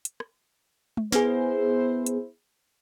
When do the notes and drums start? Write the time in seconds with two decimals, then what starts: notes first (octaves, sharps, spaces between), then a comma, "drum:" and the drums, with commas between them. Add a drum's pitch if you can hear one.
0.05 drum: hi-hat
0.20 drum: rim click
0.97 drum: tom G#3
1.12 B3 E4 G#4 C5, drum: snare
2.06 drum: hi-hat